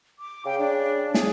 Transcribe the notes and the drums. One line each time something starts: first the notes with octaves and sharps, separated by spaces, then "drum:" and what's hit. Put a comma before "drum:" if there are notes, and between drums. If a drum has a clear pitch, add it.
D6
C#3 G5
D4
G#4 G#5, drum: snare